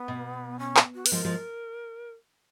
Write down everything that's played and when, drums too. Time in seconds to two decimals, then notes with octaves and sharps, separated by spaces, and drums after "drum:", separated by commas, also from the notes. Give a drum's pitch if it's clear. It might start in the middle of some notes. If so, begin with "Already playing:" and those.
Already playing: B3
0.08 B2
0.59 C#4
0.77 drum: clap
0.95 F#4
1.06 B4, drum: open hi-hat
1.11 F3 G#3 A#4
1.25 F3 G#3